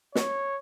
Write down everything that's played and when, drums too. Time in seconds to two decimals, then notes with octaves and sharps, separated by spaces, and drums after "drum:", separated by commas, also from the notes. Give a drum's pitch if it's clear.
0.15 C#5, drum: snare